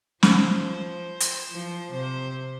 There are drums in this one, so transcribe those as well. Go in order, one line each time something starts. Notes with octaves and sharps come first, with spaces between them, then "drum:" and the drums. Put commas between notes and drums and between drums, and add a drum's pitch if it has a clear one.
F3 C5, drum: snare
drum: hi-hat
F3
C3 C5